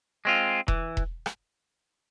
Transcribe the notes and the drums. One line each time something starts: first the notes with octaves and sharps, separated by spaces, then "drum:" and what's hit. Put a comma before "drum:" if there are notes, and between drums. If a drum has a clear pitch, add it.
G#3 C4 F4
E3, drum: kick E1
drum: kick E1
drum: rim click